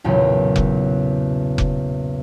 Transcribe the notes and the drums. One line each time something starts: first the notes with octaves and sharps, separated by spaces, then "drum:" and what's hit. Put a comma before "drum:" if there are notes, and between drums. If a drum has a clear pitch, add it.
B1 E2 A#2 C#3
drum: kick F1
drum: kick F1